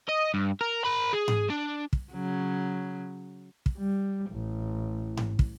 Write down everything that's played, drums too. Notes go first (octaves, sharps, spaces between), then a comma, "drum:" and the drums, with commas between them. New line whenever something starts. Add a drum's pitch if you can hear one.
D#5
G2
A#4
A#4 B5
G#4
drum: tom G#2
D4
drum: kick
C#3 F#3
drum: kick
G3
A1
drum: tom G#2
drum: kick